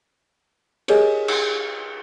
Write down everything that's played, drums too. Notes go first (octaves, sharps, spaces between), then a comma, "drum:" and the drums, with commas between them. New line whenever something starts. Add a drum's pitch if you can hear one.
G4 G#4 A#4 C#5 D#5 G#5, drum: cymbal
drum: cymbal